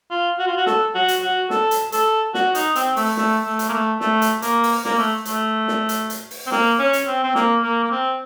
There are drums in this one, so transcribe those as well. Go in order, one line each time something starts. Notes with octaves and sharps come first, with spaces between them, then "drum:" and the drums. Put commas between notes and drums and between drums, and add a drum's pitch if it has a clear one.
F4
F#4
F4
F#4
A4, drum: snare
F#4
drum: hi-hat
F#4
A4, drum: snare
drum: hi-hat
A4, drum: hi-hat
F#4, drum: snare
D#4, drum: hi-hat
C4, drum: hi-hat
A3, drum: open hi-hat
A3, drum: snare
A3
drum: hi-hat
A#3
A3
A3, drum: snare
drum: hi-hat
A#3, drum: hi-hat
drum: open hi-hat
A#3, drum: snare
A3
A3, drum: hi-hat
drum: snare
drum: hi-hat
drum: hi-hat
drum: open hi-hat
C4
A#3, drum: snare
C#4
drum: hi-hat
C4
C4
A#3, drum: snare
A#3
A#3
C4